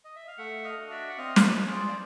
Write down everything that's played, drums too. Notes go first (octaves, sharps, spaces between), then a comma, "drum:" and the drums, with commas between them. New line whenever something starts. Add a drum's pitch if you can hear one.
D#5
E5
F5
A3 E5 F#5
D#5 F5
D4 F#4
D5 E5
F#5
C4 D#5 F5
D5, drum: snare
B4 C#5
F4 G#4
C5 D5
D5